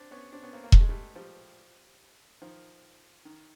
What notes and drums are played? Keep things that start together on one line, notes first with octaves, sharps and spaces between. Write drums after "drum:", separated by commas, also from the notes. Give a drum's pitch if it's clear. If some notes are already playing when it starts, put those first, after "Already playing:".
Already playing: C4 D4
B3 C#4
C4 D4
B3 C#4
A#3 C4
A#3
A3, drum: kick E1
G#3
G3 A3
F3 G3
D#3 F3
D#3